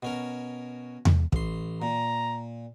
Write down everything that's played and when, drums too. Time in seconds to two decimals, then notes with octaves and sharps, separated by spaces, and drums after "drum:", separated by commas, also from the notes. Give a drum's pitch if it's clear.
0.03 B2 C#4 A#4
1.05 drum: tom E2
1.32 A1 C6, drum: kick
1.82 A#2 A#5